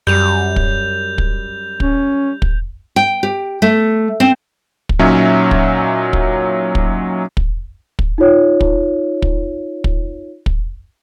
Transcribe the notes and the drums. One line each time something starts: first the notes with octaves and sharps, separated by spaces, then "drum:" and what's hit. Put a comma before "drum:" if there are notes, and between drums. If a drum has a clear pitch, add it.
F#2 G3 G6 F7
drum: kick
drum: kick
C#4, drum: kick
drum: kick
G5
G4
A3
C4
drum: kick
A#2 F#3 C#4 D#4 E5
drum: kick
drum: kick
drum: kick
drum: kick
drum: kick
D#4 F4 C#5
drum: kick
drum: kick
drum: kick
drum: kick